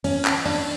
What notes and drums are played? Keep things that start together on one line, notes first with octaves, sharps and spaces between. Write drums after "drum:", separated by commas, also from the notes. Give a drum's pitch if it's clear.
C#4, drum: open hi-hat
drum: clap
D4, drum: open hi-hat